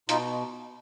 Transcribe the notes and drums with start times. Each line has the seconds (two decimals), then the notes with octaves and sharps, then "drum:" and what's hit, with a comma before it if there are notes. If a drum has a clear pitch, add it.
0.09 B2 D#4 F4, drum: hi-hat